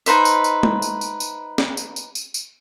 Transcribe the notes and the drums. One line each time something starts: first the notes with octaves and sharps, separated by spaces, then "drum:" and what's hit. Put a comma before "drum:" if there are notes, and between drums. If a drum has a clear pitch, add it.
D#4 B4 C5 E5, drum: tambourine
drum: tambourine
drum: tambourine
drum: tom G#3
drum: tambourine
drum: tambourine
drum: tambourine
drum: snare
drum: tambourine
drum: tambourine
drum: tambourine
drum: tambourine